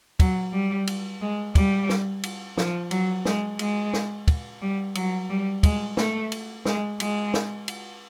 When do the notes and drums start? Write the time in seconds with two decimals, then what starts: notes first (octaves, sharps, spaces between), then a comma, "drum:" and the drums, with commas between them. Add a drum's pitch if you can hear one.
0.20 F#3, drum: kick, cymbal
0.53 G3
0.87 drum: cymbal
1.21 G#3
1.55 G3, drum: kick, cymbal
1.89 drum: snare
2.23 drum: cymbal
2.58 F3, drum: snare
2.91 F#3, drum: cymbal
3.25 G#3, drum: snare
3.59 G#3, drum: cymbal
3.94 drum: snare
4.28 drum: kick, cymbal
4.62 G3
4.95 F#3, drum: cymbal
5.30 G3
5.63 G#3, drum: kick, cymbal
5.97 A3, drum: snare
6.32 drum: cymbal
6.66 G#3, drum: snare
7.00 G#3, drum: cymbal
7.34 drum: snare
7.68 drum: cymbal